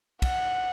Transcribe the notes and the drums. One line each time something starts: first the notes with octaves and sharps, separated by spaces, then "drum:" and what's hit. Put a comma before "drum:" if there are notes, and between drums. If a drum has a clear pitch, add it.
F#5, drum: kick, cymbal